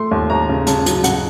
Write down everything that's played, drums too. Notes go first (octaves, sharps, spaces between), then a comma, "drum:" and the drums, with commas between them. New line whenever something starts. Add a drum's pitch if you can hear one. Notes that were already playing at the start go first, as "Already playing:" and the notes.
Already playing: A3 C6
D#2
D#2 A#5
C#3
C#3 A5, drum: hi-hat
F#3, drum: hi-hat
C#3 F#5, drum: hi-hat